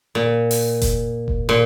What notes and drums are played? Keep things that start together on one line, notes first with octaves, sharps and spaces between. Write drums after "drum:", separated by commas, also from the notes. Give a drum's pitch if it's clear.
A#2
drum: open hi-hat
drum: kick F1, hi-hat
drum: kick F1
A#2